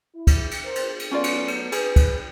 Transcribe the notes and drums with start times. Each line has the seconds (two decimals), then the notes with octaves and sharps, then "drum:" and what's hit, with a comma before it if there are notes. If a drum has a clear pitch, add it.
0.15 E4
0.27 drum: kick, cymbal
0.51 drum: cymbal
0.65 A#4 C5
0.75 drum: cymbal
1.00 drum: cymbal
1.11 F#3 A3 B3 C#4 F4 D5
1.24 drum: cymbal
1.48 drum: cymbal
1.72 G#4 B4, drum: cymbal
1.96 drum: kick, cymbal